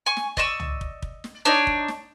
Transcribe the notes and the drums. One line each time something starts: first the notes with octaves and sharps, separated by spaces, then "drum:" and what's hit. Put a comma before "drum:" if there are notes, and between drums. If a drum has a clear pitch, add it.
G#5 C#6
drum: snare
D5 D#5 C#6 E6, drum: kick
drum: tom
drum: kick
drum: kick
drum: snare
D4 D#4 C#5
drum: kick
drum: snare